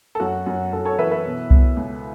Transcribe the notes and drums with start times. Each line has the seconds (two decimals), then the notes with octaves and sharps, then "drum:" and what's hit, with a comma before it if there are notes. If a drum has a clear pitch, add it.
0.15 A4
0.20 F#2 F#4
0.46 F#2
0.73 F#2 A4
0.85 A4 C#5
0.99 E3 B4 E5
1.11 B4 E5
1.25 B2
1.51 B2, drum: kick C2
1.77 C#2